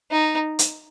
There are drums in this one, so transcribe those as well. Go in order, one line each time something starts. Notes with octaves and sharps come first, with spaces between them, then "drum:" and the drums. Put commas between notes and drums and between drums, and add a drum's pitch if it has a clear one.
D#4
drum: hi-hat